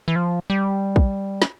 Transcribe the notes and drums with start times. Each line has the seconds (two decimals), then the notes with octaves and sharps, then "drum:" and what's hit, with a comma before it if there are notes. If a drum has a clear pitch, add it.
0.08 E3
0.16 F3
0.50 G3
0.96 drum: kick
1.42 drum: snare